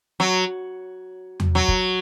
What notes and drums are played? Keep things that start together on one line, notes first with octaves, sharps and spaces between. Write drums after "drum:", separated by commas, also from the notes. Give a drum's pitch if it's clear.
F#3
drum: tom E2
F#3
drum: kick